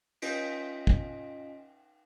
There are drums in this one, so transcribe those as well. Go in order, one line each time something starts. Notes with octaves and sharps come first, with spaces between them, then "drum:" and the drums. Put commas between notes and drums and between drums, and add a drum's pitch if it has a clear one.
C#4 F4 D#5 B6 D7, drum: cymbal
drum: kick